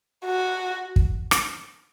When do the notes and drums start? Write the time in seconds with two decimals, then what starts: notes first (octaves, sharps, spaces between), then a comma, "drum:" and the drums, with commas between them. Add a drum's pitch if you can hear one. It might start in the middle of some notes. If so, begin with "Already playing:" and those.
0.25 F#4
0.96 drum: kick
1.31 drum: rim click